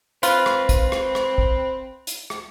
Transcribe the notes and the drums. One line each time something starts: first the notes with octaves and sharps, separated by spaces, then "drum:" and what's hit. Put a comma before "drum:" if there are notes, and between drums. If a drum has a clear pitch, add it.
C4 F4 B4, drum: hi-hat
drum: rim click
drum: kick, hi-hat
drum: rim click
drum: rim click
drum: kick
drum: hi-hat
drum: rim click